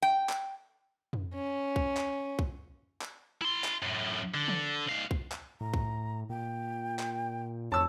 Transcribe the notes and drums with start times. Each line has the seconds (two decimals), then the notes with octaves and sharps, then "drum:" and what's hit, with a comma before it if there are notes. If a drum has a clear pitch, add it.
0.02 G5
0.29 drum: clap
1.13 drum: tom F2
1.34 C#4
1.76 drum: kick
1.97 drum: clap
2.39 drum: kick
3.01 drum: clap
3.42 E4 C6
3.64 drum: clap
3.82 F#2 A2
4.34 D3
4.48 drum: tom
4.89 G#2 F5
5.11 drum: kick
5.32 drum: clap
5.61 A2 A#5
5.74 drum: kick
6.29 A#2 G5
6.99 drum: clap
7.72 F2 C#5 A5 E6